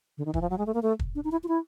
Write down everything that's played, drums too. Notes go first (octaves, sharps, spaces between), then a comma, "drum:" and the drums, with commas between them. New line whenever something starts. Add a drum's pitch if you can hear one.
D3
D#3
E3, drum: kick
F3
F#3
G#3
A3
A#3
A3
drum: kick
D4
D#4
E4
F4
E4